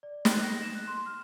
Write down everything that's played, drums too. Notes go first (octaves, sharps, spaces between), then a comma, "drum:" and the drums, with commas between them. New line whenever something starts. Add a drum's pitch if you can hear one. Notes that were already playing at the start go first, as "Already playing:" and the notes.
D5
F#6, drum: snare
A#6
E7
F#6
C6
F6